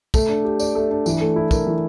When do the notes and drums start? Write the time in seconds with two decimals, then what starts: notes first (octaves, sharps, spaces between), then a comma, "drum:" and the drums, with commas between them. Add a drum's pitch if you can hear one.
0.14 A3, drum: kick, tambourine
0.29 D4
0.44 G4
0.60 D5, drum: tambourine
0.75 A3
0.91 D4
1.06 E3, drum: tambourine
1.21 A3
1.36 E4
1.51 A#4, drum: kick, tambourine
1.66 E3